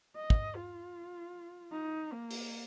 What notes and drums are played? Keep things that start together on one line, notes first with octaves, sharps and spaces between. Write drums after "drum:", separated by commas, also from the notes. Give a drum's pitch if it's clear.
D#5
drum: kick
F4
D#4
A#3
drum: open hi-hat